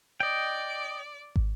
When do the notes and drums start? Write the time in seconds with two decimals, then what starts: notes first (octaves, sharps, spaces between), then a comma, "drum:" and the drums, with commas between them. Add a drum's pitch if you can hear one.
0.20 D5 D#5 G5
1.36 drum: kick